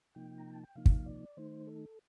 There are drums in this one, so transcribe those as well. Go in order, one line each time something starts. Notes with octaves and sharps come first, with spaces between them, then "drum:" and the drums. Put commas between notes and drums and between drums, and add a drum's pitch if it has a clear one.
C3 F3 A#3 D#4 G5
A#5
A5
G5
C3 F3 A#3 D#4 F5
drum: kick
D5
D#3 A3 D#4 C5
A4